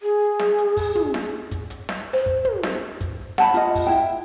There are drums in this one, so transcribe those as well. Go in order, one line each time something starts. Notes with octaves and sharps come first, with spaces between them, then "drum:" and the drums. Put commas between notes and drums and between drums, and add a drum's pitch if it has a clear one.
G#4
drum: snare
drum: hi-hat
drum: kick, open hi-hat
drum: tom
drum: snare
drum: kick, hi-hat
drum: hi-hat
drum: snare
C5
drum: kick
drum: tom
drum: snare
drum: kick, hi-hat
F#5 A5 B5, drum: snare
F4 D#5, drum: hi-hat
drum: kick, open hi-hat
E4 G5